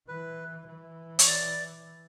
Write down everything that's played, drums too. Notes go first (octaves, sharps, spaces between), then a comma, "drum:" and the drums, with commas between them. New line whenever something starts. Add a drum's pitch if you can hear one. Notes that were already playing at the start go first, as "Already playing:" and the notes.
E3 B4
E3
C#5, drum: hi-hat
D5